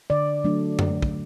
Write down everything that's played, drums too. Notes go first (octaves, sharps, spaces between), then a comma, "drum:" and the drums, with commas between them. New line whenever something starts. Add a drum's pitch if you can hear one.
D3 D5
F#3 A3 D4
D3, drum: tom F#2
drum: kick